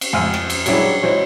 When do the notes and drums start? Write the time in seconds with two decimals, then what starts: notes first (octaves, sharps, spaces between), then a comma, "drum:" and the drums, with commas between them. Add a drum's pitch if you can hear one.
0.01 drum: cymbal
0.13 F2 E5 F#5 G#5 F6
0.34 drum: rim click
0.50 drum: cymbal
0.66 F#3 G3 D4 E4 G4 G#4, drum: cymbal
1.03 E3 D#4 E4 F#4 C5 C#5